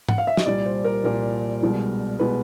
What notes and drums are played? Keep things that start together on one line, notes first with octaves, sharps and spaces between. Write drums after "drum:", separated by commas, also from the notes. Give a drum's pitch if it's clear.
F#5, drum: tom G#2
F5
E5
D#5, drum: snare
C2 A#2 G3 D5
C5
A#4
C2 A#2 G3 A#4
C2 B2 G#3
B2 G#3 B4